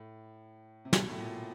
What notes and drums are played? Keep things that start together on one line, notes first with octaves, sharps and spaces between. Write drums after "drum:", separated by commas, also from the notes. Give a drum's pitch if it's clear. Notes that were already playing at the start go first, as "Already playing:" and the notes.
Already playing: A2
C3
B2, drum: snare
A2
A#2